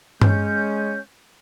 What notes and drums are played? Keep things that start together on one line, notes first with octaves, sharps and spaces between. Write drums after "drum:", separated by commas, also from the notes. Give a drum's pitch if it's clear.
G#3 C#4 G6, drum: tom G2